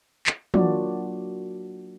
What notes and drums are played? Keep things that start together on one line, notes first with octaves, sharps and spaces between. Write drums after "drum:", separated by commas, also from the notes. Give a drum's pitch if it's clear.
drum: clap
F#3 A#3 D4 F4 F#4 D5, drum: tom